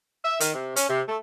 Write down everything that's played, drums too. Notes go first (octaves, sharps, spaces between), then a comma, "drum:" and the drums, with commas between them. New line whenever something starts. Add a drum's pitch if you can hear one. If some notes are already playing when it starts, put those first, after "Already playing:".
E5
D#3, drum: hi-hat
C3
C#4, drum: hi-hat
C3
A3